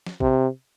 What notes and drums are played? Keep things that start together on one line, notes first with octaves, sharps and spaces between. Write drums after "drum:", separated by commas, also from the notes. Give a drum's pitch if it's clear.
drum: snare
C3, drum: kick A#1